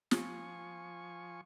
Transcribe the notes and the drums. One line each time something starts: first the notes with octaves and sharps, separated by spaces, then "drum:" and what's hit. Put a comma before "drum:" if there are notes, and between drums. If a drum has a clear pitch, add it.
F3 G#5 C#6, drum: snare